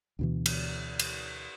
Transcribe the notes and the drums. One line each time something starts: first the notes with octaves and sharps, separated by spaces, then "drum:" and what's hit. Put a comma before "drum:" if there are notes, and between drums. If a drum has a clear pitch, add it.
D2 B2 E3
drum: cymbal
drum: cymbal